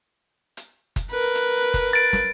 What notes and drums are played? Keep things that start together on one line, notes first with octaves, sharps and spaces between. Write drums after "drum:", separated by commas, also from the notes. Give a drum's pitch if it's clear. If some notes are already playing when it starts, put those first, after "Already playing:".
drum: hi-hat
drum: kick F#1, hi-hat
A#4 B4
drum: hi-hat
drum: kick F#1, hi-hat
A6 D7
drum: snare